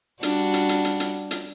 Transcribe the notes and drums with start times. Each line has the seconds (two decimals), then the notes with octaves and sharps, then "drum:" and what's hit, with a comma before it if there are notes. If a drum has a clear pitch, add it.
0.23 G3 D4 F#4, drum: hi-hat
0.54 drum: hi-hat
0.69 drum: hi-hat
0.84 drum: hi-hat
1.00 drum: hi-hat
1.31 drum: hi-hat